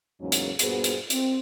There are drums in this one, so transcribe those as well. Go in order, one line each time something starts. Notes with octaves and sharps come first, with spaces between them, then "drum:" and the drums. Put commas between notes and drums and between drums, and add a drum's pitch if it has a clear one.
E2 G#2 C#3 F#3 A#3 C#4
drum: hi-hat
G2 A#2 B3 F#4 G#4 C5, drum: hi-hat
drum: hi-hat
C4, drum: hi-hat